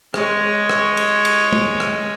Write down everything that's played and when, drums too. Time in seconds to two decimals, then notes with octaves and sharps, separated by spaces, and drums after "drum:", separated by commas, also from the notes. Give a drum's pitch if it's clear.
0.14 G#3 C#5, drum: rim click
0.69 drum: rim click
0.97 drum: cymbal
1.25 drum: cymbal
1.53 drum: tom
1.80 drum: rim click